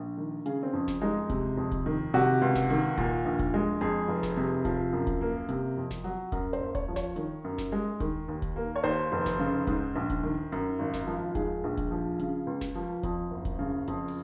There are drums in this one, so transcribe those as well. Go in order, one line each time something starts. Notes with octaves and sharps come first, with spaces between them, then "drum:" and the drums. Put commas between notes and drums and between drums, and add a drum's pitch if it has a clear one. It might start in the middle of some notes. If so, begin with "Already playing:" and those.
Already playing: A#1
D#3
C#3 G#4, drum: hi-hat
C4
F2 C#4
drum: snare F1
G#3 D#4
C3, drum: kick D#1, hi-hat
F2
drum: kick D#1, hi-hat
D#3
C3 F#4, drum: hi-hat
C#2
drum: snare F1
D#3
A#2, drum: kick D#1, hi-hat
A#1
drum: kick D#1, hi-hat
G#3
F2 G#4, drum: hi-hat
F1
drum: snare F1
C3
F3, drum: kick D#1, hi-hat
F#2
drum: kick D#1, hi-hat
A#3
C3, drum: hi-hat
F2
drum: snare F1
F#3
F#2 A#4, drum: kick D#1, hi-hat
C5, drum: hi-hat
F#1
C#5, drum: kick D#1, hi-hat
F3
C#5, drum: snare F1
D#3, drum: hi-hat
F#2
drum: snare F1
G#3
D#3, drum: kick D#1, hi-hat
D#2
drum: kick D#1, hi-hat
A#3
C#5
D#2 C5, drum: hi-hat
F1
drum: snare F1
C#3
G#2, drum: kick D#1, hi-hat
A#1
drum: kick D#1, hi-hat
D#3
F#2, drum: hi-hat
G#1
drum: snare F1
F3
G#2 G#4, drum: kick D#1, hi-hat
A#1
drum: kick D#1, hi-hat
F3
C#3, drum: hi-hat
C#2
drum: snare F1
F3
F2, drum: kick D#1, hi-hat
F#1
drum: kick D#1, hi-hat
C#3
F2, drum: hi-hat
drum: open hi-hat